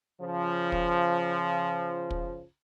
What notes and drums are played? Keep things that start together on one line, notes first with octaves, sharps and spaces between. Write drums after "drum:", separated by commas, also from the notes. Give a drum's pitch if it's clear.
C#3 F3
drum: kick
drum: kick